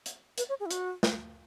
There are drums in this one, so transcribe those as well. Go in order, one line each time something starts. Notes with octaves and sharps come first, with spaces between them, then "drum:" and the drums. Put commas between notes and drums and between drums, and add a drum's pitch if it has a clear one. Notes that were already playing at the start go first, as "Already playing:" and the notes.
drum: hi-hat
B4, drum: hi-hat
C#5
G#4
E4
F#4, drum: hi-hat
drum: snare